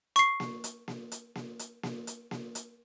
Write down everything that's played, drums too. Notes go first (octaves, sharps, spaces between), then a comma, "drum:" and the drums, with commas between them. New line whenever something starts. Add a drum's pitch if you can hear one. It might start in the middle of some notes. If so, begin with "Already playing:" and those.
C#6 C7, drum: hi-hat
drum: snare A#3
drum: hi-hat
drum: snare A#3
drum: hi-hat
drum: snare A#3
drum: hi-hat
drum: snare A#3
drum: hi-hat
drum: snare A#3
drum: hi-hat